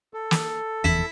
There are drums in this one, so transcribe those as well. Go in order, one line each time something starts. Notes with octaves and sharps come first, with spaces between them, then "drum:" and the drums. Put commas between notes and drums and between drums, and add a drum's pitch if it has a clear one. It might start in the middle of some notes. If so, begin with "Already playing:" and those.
A4
drum: snare
F1 E2 E4